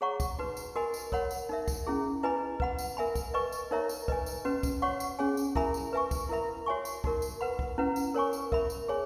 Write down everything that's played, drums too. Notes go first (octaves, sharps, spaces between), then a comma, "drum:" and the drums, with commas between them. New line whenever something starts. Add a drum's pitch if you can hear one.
G#4 C#5 F#5 A#5 C#6
drum: kick, tambourine
D#4 F#4 B4
drum: tambourine
F#4 A#4 D#5 G#5 B5
drum: tambourine
A#4 C#5 F#5 B5, drum: kick
drum: tambourine
D#4 A#4 E5
drum: kick, tambourine
C#4 E4 G#4
E4 B4 D#5 G#5 B5
B4 F#5 B5, drum: kick
drum: tambourine
A#4 E5 G#5 B5
drum: kick, tambourine
B4 D#5 G#5 C#6
drum: tambourine
D#4 A#4 C#5 E5 A#5
drum: tambourine
B4 D#5 G#5, drum: kick
drum: tambourine
C#4 F#4 B4
drum: kick, tambourine
F#4 C#5 F#5 C#6
drum: tambourine
C#4 G#4 C#5 G#5
drum: tambourine
E4 A#4 E5 G#5 B5, drum: kick
drum: tambourine
B4 E5 G#5 C#6
drum: kick, tambourine
E4 A#4 E5 B5
F#4 C#5 E5 G#5 C#6
drum: tambourine
D#4 F#4 A#4, drum: kick
drum: tambourine
B4 F#5 B5
drum: kick
C#4 E4 B4 F#5
drum: tambourine
A#4 C#5 G#5 C#6
drum: tambourine
A#4 E5 B5, drum: kick
drum: tambourine
G#4 C#5 G#5